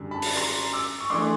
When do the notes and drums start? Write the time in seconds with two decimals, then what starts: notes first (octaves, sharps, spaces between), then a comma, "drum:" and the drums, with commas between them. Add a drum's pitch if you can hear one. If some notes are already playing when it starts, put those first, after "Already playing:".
Already playing: F#2 D3 G3
0.11 A5 B5
0.22 drum: open hi-hat
0.36 A#5 C6
0.73 D6 E6
1.00 C#6
1.10 E3 A3 D4 C6 D6